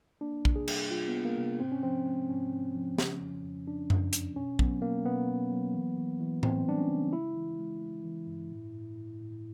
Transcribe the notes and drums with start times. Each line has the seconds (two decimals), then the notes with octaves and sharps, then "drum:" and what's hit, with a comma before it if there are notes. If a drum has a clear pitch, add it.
0.21 A#3 D4
0.45 C3, drum: kick A#1
0.56 G#4
0.68 G3, drum: cymbal
0.91 G3 F4
1.08 B3
1.13 A#3
1.25 A#3
1.37 C3
1.60 G#2 C4
1.72 C#4
1.83 F3 C4
2.06 G#3
2.29 G#2 C#4
2.51 G#2
2.75 F3
2.98 C#3, drum: snare
3.20 F2
3.43 F2
3.67 F2 D4
3.90 F2, drum: tom F#2
4.13 F2, drum: hi-hat
4.36 B2 C#4
4.59 F#3 B3, drum: kick A#1
4.82 B2 A#3
5.05 B2 B3
5.29 A#3
5.52 F#3
5.74 E3
5.98 E3
6.20 E3
6.43 E3 C4, drum: tom A2
6.67 G3 D4
6.78 C#4
6.90 C#3
7.13 G#3 E4
7.36 E3
7.59 G#3
7.81 G#3
8.04 E3
8.27 G2
8.51 A2
8.74 A2
8.96 A2
9.20 A2